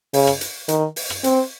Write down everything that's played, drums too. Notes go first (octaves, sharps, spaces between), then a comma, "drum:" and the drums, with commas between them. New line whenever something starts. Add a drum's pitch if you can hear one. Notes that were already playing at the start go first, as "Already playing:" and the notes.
C#3, drum: open hi-hat
drum: rim click
drum: hi-hat
D#3, drum: hi-hat
drum: open hi-hat
drum: rim click
C4, drum: hi-hat